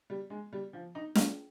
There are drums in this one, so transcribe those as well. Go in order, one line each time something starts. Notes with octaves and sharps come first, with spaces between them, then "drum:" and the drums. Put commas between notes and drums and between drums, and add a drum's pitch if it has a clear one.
G3
G#3
G3
F3
D#4
F4, drum: snare